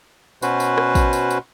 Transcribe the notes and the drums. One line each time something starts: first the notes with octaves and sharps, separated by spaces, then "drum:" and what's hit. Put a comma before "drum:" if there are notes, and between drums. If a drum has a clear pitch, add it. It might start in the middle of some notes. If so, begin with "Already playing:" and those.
B2 C#4 F#4 B4 C5, drum: tambourine
drum: tambourine
drum: rim click
drum: kick, tambourine
drum: tambourine
drum: tambourine